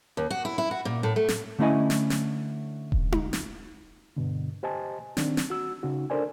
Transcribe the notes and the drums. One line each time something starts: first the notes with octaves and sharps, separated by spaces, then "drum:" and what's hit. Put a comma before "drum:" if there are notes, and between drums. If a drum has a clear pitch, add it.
D#2
F#4
E4
E4
F#4
A#2
A2
A3
drum: snare
D3 A3 C#4 E4 D#5 G#5
drum: snare
drum: snare
drum: kick D#1
drum: tom D#4
drum: snare
G2 B2 D3
G4 C5 D#5 G#5 A5
D#3 C4 D4, drum: snare
drum: snare
F#4 E6
C#3 D#4 F#4
D4 A4 A#4 C5 D5 G#5